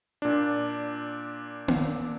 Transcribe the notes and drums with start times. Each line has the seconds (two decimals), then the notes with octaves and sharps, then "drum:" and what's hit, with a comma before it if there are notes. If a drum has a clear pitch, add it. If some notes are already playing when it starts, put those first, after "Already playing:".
0.22 A#2 D4
1.68 drum: tom A#3